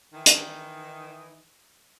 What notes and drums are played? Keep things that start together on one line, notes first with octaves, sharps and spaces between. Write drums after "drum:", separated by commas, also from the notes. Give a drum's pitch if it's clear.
D#3 E3 D#4
drum: hi-hat